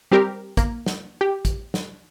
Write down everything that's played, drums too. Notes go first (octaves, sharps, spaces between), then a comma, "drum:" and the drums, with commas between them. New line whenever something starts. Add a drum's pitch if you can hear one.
G3 C4 G4 A#4
A#3, drum: kick, hi-hat
drum: snare
G4
drum: kick, hi-hat
drum: snare